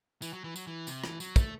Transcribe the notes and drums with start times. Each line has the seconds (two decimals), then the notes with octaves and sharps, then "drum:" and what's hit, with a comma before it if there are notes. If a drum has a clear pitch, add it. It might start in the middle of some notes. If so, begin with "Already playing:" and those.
0.22 E3, drum: tambourine
0.33 F#3
0.44 E3
0.56 F#3, drum: tambourine
0.67 E3
0.87 C3, drum: tambourine
1.04 E3, drum: rim click
1.20 F#3, drum: tambourine
1.36 A3, drum: kick, tambourine